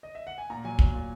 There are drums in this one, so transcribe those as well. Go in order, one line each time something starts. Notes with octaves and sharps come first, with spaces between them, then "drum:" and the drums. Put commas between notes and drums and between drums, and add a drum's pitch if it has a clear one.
D#5
E5
F#5
G#5
A#2 A#5
F#3 G#5
F#3, drum: kick
A#2